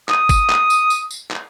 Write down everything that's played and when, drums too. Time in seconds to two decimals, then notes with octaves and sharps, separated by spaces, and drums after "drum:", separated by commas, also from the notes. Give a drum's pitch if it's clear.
0.09 D#6, drum: clap
0.29 drum: kick G#1, tambourine
0.50 drum: clap
0.70 drum: tambourine
0.90 drum: tambourine
1.11 drum: tambourine
1.31 drum: clap